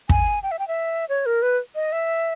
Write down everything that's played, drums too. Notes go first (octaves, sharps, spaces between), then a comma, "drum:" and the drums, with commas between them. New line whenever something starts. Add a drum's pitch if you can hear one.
G#5, drum: kick
G5
E5
G5
E5
C#5
A#4
B4
D#5
E5